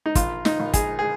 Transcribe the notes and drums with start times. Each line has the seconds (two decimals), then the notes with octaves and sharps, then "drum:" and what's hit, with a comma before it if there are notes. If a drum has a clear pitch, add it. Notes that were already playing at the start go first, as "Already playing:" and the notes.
0.06 D#4
0.15 A#1 F4, drum: kick, hi-hat
0.45 D#4, drum: snare
0.60 A#1
0.74 G#4, drum: kick, hi-hat
0.99 G#4